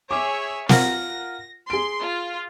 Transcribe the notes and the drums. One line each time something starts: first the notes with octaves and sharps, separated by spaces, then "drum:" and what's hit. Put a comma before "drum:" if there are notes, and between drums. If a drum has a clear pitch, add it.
G#4 C#5 E5 D6
F4 A#4 F#5 A#6, drum: snare
G#4 C6 D7
F4